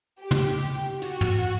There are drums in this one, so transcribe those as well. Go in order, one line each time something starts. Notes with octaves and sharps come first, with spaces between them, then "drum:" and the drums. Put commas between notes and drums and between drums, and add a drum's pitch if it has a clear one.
G4
drum: tom
F#4, drum: hi-hat
drum: tom